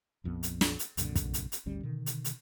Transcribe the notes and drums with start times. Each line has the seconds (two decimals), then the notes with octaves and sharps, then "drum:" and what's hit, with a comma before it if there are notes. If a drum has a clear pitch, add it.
0.24 A#1 F2 D3 B3
0.43 drum: hi-hat
0.61 drum: snare
0.79 drum: hi-hat
0.97 C2 F#2 A#2 D3, drum: hi-hat
1.15 drum: kick, hi-hat
1.34 drum: hi-hat
1.52 drum: hi-hat
1.66 G#1 D2 G3 C#4
1.83 B2 D3 D#3
2.06 drum: hi-hat
2.25 drum: hi-hat